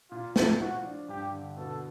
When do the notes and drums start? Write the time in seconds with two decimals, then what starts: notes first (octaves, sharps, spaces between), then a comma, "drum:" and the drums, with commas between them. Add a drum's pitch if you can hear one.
0.11 A#2 F4
0.36 F3, drum: snare
0.59 F4 F#4
0.84 D4
1.09 G2 G4
1.33 D3
1.57 B2 A4